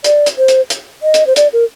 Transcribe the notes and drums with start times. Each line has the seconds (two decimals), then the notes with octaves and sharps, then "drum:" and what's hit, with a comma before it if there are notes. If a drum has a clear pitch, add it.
0.04 D5, drum: hi-hat
0.26 drum: hi-hat
0.38 C5
0.48 drum: hi-hat
0.70 drum: hi-hat
1.03 D#5
1.14 drum: hi-hat
1.27 C5
1.36 D5, drum: hi-hat
1.53 A#4